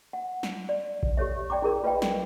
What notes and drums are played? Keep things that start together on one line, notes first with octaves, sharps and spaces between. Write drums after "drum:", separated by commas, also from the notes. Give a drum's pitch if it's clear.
F#5
drum: snare
D5
drum: kick A#1
G4 A4 C#5 E5
D5 G5 A#5 D6
E4 G#4 A#4 D5
F4 B4 D#5 F5 G5
drum: snare